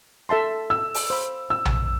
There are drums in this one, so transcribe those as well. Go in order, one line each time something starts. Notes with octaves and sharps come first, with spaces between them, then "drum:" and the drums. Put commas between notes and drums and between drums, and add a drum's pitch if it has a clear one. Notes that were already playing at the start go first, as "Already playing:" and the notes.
A4 E5 A5 C6
E6
drum: open hi-hat
C5 F5 B5
E6
drum: tom A#1